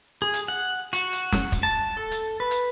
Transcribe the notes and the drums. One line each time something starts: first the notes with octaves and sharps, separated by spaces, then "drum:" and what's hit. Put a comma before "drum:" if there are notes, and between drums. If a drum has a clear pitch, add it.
G#4
drum: hi-hat
F#5
F#4, drum: hi-hat
drum: hi-hat
drum: snare
drum: kick, hi-hat
A5
A4
drum: hi-hat
B4
drum: hi-hat